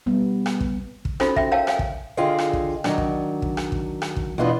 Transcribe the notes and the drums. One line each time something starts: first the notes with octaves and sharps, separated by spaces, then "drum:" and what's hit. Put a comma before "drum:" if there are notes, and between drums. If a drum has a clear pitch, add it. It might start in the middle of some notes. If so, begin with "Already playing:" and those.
G3 B3
drum: rim click
drum: kick
drum: kick
C#4 D#4 F4 F#4 A4 C5, drum: rim click
E5 G5, drum: kick
A#4 C#5 F5 G5 A5
C#5 F5 G5 G#5, drum: rim click
drum: kick
D3 F4 G#4 D#5 F5 G5
drum: rim click
drum: kick
D#3 F#3 D4, drum: rim click
drum: kick
drum: kick
drum: rim click
drum: kick
drum: rim click
drum: kick
E2 B2 D4 F4 B4 D#5